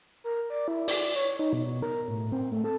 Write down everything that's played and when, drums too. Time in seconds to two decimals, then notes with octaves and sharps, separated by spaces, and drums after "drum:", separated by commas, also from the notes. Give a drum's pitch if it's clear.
0.24 A#4
0.50 D5
0.68 E4
0.88 D5, drum: open hi-hat
1.16 C#5
1.39 D#4
1.53 B2
1.82 A#4
2.08 A2
2.32 C4
2.52 A3
2.64 A4